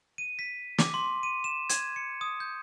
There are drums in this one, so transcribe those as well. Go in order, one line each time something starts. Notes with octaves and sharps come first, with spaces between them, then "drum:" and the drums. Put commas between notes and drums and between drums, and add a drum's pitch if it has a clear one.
D#7
B6
D6, drum: snare
C6
D#7
E7
G#6, drum: hi-hat
C#7
D#6
G6